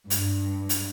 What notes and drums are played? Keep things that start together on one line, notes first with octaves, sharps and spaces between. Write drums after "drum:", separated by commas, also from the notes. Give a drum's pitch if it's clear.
G2, drum: hi-hat
drum: hi-hat